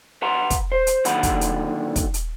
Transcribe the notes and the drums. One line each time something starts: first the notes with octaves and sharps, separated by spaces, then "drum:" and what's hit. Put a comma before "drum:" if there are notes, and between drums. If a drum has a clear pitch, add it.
B4 F#5 A#5 C6
drum: kick, hi-hat
C5
drum: hi-hat
A#2 D3 D#3 F#3 F#5 B5, drum: hi-hat
drum: kick, hi-hat
drum: hi-hat
drum: kick, hi-hat
drum: hi-hat